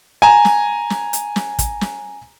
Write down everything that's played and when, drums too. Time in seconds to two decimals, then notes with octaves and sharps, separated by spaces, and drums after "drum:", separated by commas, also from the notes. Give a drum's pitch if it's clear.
0.22 G#5 A#5
0.45 drum: snare
0.90 drum: snare
1.13 drum: hi-hat
1.36 drum: snare
1.59 drum: kick, hi-hat
1.81 drum: snare